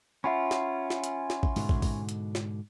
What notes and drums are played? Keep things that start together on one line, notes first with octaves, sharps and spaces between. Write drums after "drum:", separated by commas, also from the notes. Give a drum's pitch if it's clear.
C#4 F4 E5 F#5 B5
drum: snare
drum: snare
drum: hi-hat
drum: snare
drum: kick
G#2 B2 D3, drum: open hi-hat
drum: kick
drum: kick, open hi-hat
drum: hi-hat
drum: snare